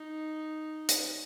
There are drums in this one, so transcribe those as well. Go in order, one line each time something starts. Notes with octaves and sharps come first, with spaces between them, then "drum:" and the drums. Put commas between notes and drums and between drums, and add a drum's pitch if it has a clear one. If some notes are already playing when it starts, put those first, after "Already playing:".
Already playing: D#4
drum: hi-hat